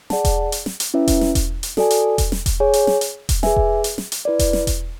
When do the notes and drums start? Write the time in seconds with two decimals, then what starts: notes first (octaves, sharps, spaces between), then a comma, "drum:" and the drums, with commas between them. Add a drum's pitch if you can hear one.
0.10 G#4 D5 F#5 A5, drum: snare
0.25 drum: kick E1, hi-hat
0.52 drum: hi-hat
0.66 drum: snare
0.80 drum: hi-hat
0.94 C#4 E4 B4 E5
1.08 drum: kick E1, hi-hat
1.21 drum: snare
1.35 drum: kick E1, hi-hat
1.63 drum: hi-hat
1.77 F#4 A4 D5 G#5, drum: snare
1.90 drum: hi-hat
2.18 drum: kick E1, hi-hat
2.32 drum: snare
2.46 drum: kick E1, hi-hat
2.60 G#4 C#5 G#5
2.73 drum: hi-hat
2.87 drum: snare
3.01 drum: hi-hat
3.29 drum: kick E1, hi-hat
3.43 G#4 B4 E5 G#5, drum: snare
3.56 drum: kick E1
3.84 drum: hi-hat
3.98 drum: snare
4.12 drum: hi-hat
4.25 E4 B4 D5
4.39 drum: kick E1, hi-hat
4.53 drum: snare
4.67 drum: kick E1, hi-hat